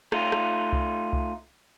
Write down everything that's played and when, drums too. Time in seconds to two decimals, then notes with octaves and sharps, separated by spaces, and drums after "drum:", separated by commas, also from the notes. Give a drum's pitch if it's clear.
0.12 A3 D#4 F4, drum: rim click
0.32 drum: rim click
0.73 drum: kick C2
1.13 drum: kick C2